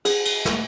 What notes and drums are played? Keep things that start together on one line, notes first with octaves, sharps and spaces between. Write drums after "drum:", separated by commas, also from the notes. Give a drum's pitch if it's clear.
G#4, drum: cymbal
drum: cymbal
drum: snare